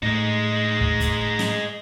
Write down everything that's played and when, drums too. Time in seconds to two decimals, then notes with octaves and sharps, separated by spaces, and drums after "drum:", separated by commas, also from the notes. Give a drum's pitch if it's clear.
0.03 A2 G#3 D#4
0.81 drum: kick
1.00 drum: kick, hi-hat
1.39 drum: snare